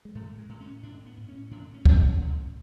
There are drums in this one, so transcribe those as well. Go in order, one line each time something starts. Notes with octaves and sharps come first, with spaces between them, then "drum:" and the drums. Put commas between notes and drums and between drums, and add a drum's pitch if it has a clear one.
G#3
A2 A3
G#3
A2
C#4
A2 D4
B3
A2
C#4
A2 D4
C#4
A2, drum: kick
C4
C#4
A2